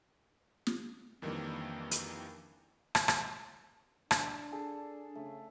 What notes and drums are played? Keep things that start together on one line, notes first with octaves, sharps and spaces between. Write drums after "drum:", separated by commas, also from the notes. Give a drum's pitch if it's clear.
drum: snare
F2 D#3 E3 G3 A#3 D4
drum: hi-hat
drum: rim click
drum: rim click
D4, drum: rim click
G#4 A4
C#3 A3